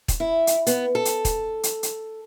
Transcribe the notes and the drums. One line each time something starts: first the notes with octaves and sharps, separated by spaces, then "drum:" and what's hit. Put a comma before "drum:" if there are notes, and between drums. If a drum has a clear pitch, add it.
drum: kick, hi-hat
E4
drum: hi-hat
B3, drum: hi-hat
A4
drum: hi-hat
drum: kick, hi-hat
drum: hi-hat
drum: hi-hat